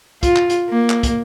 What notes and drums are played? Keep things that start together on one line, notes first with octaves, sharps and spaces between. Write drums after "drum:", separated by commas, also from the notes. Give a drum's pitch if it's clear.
F4, drum: kick, hi-hat
drum: clap
drum: hi-hat
A#3
drum: clap
drum: kick, hi-hat